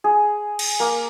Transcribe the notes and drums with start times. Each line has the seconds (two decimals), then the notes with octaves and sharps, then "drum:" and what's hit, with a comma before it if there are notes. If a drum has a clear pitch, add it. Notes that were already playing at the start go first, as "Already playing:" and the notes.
0.04 G#4
0.59 drum: cymbal
0.80 A#3